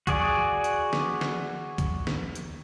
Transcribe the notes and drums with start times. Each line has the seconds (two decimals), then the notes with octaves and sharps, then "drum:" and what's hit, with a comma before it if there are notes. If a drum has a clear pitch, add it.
0.07 F#4 G#4 D5, drum: kick, hi-hat
0.64 drum: hi-hat
0.93 drum: snare
1.21 drum: snare
1.78 drum: kick, hi-hat
2.07 drum: snare
2.35 drum: hi-hat